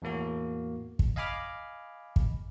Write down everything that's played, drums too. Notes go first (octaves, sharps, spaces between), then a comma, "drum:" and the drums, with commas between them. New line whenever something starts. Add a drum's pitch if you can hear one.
E2 A2 A#3 F#4
drum: kick
D#5 F5 G#5 B5 D6 F6
drum: kick